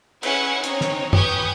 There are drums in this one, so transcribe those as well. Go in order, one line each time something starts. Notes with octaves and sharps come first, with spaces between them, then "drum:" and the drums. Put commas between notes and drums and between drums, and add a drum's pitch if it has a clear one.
C#4 E4 B4 F#5 G#5 C#7, drum: cymbal
C4 C#4 D#4 C#5, drum: hi-hat
drum: snare
G4 B4 G#5 C#6 D#6 G6, drum: tom F#2